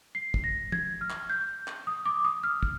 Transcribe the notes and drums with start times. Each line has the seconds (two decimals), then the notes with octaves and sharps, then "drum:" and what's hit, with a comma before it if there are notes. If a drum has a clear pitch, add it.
0.15 C7
0.34 drum: kick
0.44 A#6
0.72 G#6, drum: tom
1.01 F6
1.10 drum: clap
1.29 G6
1.67 drum: clap
1.87 D#6
2.06 D6
2.25 D#6
2.44 F6
2.63 drum: kick